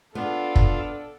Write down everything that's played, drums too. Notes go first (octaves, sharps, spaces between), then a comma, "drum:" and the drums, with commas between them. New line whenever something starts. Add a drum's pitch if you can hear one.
B3 D4 F4 A4
drum: kick